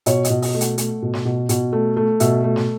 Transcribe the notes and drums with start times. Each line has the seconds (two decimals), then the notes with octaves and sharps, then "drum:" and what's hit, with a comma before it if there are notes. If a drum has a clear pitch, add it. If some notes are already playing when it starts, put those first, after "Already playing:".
0.06 B2 C#5, drum: hi-hat
0.24 D#5, drum: hi-hat
0.30 B2
0.42 D#5, drum: open hi-hat
0.54 A3
0.61 F#5, drum: hi-hat
0.78 A3, drum: hi-hat
1.02 B2
1.14 drum: snare
1.25 B2
1.49 B2, drum: hi-hat
1.73 A3
1.97 A3
2.20 B2 E5, drum: hi-hat
2.44 A3
2.56 drum: snare